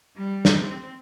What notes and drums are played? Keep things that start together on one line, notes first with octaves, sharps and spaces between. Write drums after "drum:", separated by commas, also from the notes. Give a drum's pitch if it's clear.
G3
drum: snare
C4